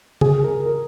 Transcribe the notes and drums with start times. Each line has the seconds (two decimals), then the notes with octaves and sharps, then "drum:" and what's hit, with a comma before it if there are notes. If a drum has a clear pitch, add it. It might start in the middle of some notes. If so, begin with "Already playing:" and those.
0.21 G#4, drum: tom C#3
0.44 A#4
0.66 A#4